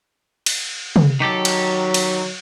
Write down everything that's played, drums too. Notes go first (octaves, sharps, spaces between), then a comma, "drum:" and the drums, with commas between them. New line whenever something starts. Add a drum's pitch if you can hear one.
drum: cymbal
drum: tom
D#3 F#3 G4 A4
drum: cymbal
drum: cymbal